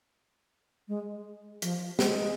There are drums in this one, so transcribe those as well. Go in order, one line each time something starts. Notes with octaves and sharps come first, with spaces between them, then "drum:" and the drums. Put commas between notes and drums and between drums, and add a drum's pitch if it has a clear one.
G#3
F3, drum: hi-hat
G#3, drum: snare